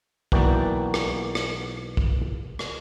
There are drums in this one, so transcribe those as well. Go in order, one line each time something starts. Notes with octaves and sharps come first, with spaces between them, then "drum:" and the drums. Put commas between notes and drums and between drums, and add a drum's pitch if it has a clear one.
B1 E3 A#3 F#4 D5 G5, drum: kick
drum: rim click
drum: rim click
drum: kick
drum: rim click